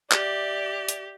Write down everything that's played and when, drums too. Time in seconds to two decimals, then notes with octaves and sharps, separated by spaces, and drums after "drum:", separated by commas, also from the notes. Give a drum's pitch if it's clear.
0.12 G4 D5 E5, drum: clap
0.89 drum: hi-hat